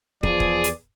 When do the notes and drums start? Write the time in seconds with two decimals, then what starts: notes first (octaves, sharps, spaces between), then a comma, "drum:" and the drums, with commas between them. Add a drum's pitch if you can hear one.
0.23 E2 F3 G#4 D5, drum: kick
0.40 drum: kick
0.64 drum: hi-hat